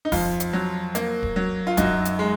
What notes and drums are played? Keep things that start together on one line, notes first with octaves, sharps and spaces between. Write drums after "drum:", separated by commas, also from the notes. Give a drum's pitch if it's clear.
D#4
F2 F4, drum: kick D1, open hi-hat
drum: hi-hat
F#3
A#3, drum: hi-hat
drum: kick D1
F#3
F4
F#2 D#4 F#4, drum: kick D1, hi-hat
drum: hi-hat
G#3